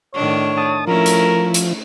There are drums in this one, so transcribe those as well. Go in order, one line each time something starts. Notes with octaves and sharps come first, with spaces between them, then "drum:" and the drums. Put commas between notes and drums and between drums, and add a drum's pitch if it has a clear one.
A2 D#3 D4 C#5
A5 D#6
F3 A3 C#4 E4 A#4
drum: hi-hat
drum: hi-hat